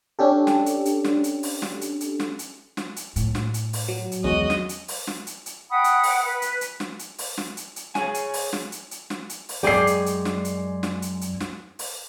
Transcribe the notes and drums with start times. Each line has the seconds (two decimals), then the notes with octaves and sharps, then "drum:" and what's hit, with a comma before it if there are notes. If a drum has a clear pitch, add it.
0.19 C#4 D4 G4 A4
0.47 drum: snare
0.66 drum: hi-hat
0.85 drum: hi-hat
1.05 drum: snare
1.24 drum: hi-hat
1.43 drum: open hi-hat
1.62 drum: snare
1.81 drum: hi-hat
2.01 drum: hi-hat
2.20 drum: snare
2.39 drum: hi-hat
2.77 drum: snare
2.96 drum: hi-hat
3.16 A2, drum: hi-hat
3.35 drum: snare
3.54 drum: hi-hat
3.73 drum: open hi-hat
3.88 F#3
4.12 drum: hi-hat
4.24 E2 D#3 F#3 G#3 C#4 F#4 D#5
4.50 drum: snare
4.69 drum: hi-hat
4.88 drum: open hi-hat
5.07 drum: snare
5.27 drum: hi-hat
5.46 drum: hi-hat
5.70 F#5 G5 B5 D#6
5.84 drum: hi-hat
6.03 drum: open hi-hat
6.27 B4
6.42 drum: hi-hat
6.61 drum: hi-hat
6.80 drum: snare
6.99 drum: hi-hat
7.18 drum: open hi-hat
7.38 drum: snare
7.57 drum: hi-hat
7.76 drum: hi-hat
7.95 G#4 C#5 G#5, drum: snare
8.14 drum: hi-hat
8.34 drum: open hi-hat
8.53 drum: snare
8.72 drum: hi-hat
8.91 drum: hi-hat
9.10 drum: snare
9.30 drum: hi-hat
9.49 drum: open hi-hat
9.63 F#2 G#3 G4 G#4 D5 C7
9.87 drum: hi-hat
10.06 drum: hi-hat
10.25 drum: snare
10.45 drum: hi-hat
10.83 drum: snare
11.02 drum: hi-hat
11.21 drum: hi-hat
11.41 drum: snare
11.79 drum: open hi-hat